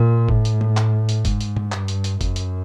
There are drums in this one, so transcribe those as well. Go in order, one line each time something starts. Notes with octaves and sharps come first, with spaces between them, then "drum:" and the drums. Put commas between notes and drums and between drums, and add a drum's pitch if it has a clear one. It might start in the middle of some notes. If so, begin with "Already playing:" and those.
Already playing: A#2
A2, drum: kick F#1
drum: hi-hat
drum: tom
drum: clap
drum: hi-hat
G#2, drum: kick F#1, hi-hat
drum: hi-hat
drum: tom
G2, drum: clap
drum: hi-hat
drum: hi-hat
F#2, drum: kick F#1, hi-hat
drum: hi-hat